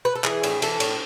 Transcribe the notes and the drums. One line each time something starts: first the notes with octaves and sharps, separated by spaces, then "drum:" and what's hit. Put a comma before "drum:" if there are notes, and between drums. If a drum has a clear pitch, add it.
B4
A4
E3 G#4, drum: clap
A2, drum: cymbal
E3 A4, drum: cymbal
A2, drum: cymbal